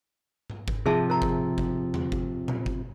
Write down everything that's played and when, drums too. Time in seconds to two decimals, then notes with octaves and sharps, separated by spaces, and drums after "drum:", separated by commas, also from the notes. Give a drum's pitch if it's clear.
0.50 drum: tom G#2
0.68 drum: kick G1
0.86 C3 F3 G#4 E5 A5
1.10 A#4 A#5
1.22 drum: kick G1
1.58 drum: kick G1
1.94 drum: tom E2
2.12 drum: kick G1
2.48 drum: tom A#2
2.66 drum: kick G1